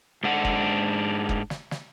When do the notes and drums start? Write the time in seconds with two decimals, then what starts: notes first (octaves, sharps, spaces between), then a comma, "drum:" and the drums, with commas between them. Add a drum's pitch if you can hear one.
0.24 G#2 D4 F#5
0.45 drum: kick F#1
1.29 drum: kick F#1
1.50 drum: snare
1.71 drum: snare